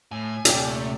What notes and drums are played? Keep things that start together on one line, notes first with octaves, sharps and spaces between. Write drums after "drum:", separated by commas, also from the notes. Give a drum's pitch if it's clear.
A2 G#5
D#1 C3 D5 G5, drum: hi-hat
A3